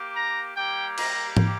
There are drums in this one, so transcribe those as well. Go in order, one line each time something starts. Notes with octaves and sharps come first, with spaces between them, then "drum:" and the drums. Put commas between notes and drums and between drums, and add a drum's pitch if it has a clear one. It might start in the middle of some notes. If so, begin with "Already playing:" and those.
Already playing: A#3 G4
A#5
G3 A#3 G4 G5
A#5, drum: cymbal
drum: tom